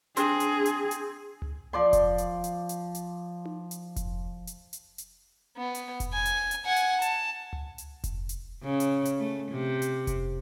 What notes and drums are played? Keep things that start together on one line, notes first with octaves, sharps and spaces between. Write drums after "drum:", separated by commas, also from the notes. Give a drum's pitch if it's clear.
C4 D4 G#4, drum: hi-hat
drum: hi-hat
drum: hi-hat
drum: hi-hat
drum: tom C#2
F3 D5 C6
drum: kick F1, hi-hat
drum: hi-hat
drum: hi-hat
drum: hi-hat
drum: hi-hat
drum: tom D#4
drum: hi-hat
drum: kick F1, hi-hat
drum: hi-hat
drum: hi-hat
drum: hi-hat
B3
drum: hi-hat
drum: kick F1, hi-hat
G#5
drum: hi-hat
drum: hi-hat
F#5 G#5
drum: hi-hat
A5, drum: hi-hat
drum: tom C#2
drum: hi-hat
drum: kick F1, hi-hat
drum: hi-hat
C#3
drum: hi-hat
drum: hi-hat
A3
C3
drum: hi-hat
drum: kick F1, hi-hat